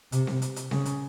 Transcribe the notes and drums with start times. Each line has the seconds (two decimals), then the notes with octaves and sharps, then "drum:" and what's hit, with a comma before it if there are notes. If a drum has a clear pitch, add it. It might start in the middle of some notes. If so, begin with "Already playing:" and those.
0.12 C3, drum: hi-hat
0.27 drum: snare C4
0.42 drum: hi-hat
0.56 drum: hi-hat
0.71 C#3, drum: snare C4
0.85 drum: hi-hat